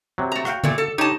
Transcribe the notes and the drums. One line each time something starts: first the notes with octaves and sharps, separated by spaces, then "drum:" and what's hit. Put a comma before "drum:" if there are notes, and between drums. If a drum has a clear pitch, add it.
C3 F#3
A3 A#5
F#4 F5 G5, drum: rim click
A#2 A3, drum: tom D3
A4
D#4 G4 C#5 A5